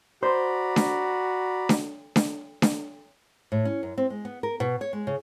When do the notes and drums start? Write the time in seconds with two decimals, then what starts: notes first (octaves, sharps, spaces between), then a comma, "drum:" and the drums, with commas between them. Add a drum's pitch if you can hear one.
0.23 F#4 C5 D5 A#5 B5
0.76 drum: snare D4
1.69 drum: snare D4
2.16 drum: snare D4
2.62 drum: snare D4
3.52 A2
3.65 C#4
3.83 F#2
3.97 C4
4.10 G#3
4.25 B3
4.43 A#4
4.60 B2
4.81 C#5
4.93 G#3
5.07 C#3